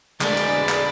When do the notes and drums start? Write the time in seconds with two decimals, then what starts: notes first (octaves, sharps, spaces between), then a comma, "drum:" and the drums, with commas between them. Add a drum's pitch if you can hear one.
0.21 D3 G#3 A3 D4 A#4 D5 B5, drum: clap
0.37 drum: hi-hat
0.69 drum: clap